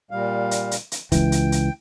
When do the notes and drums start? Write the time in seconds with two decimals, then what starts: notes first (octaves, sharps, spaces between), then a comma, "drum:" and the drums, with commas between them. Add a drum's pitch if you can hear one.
0.11 A#2 G3 F5
0.51 drum: hi-hat
0.71 drum: hi-hat
0.92 drum: hi-hat
1.12 C#2 E3 G5, drum: kick F1, hi-hat
1.32 drum: hi-hat
1.52 drum: hi-hat